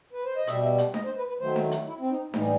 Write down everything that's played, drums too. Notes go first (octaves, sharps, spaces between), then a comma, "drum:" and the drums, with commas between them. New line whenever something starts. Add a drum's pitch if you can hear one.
B4
C5
D#5
B2 G3 E5, drum: hi-hat
drum: hi-hat
D#5, drum: snare D4
C5
B4
B4
D#3 F#3 A3 C5
drum: snare D4
drum: hi-hat
E4
C4
D#4
A2 E3 G3 D#4, drum: snare D4